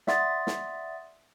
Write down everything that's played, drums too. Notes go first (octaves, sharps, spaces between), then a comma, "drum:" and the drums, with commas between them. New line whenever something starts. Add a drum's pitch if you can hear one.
D5 E5 F#5 C6 D#6 A6, drum: snare
drum: snare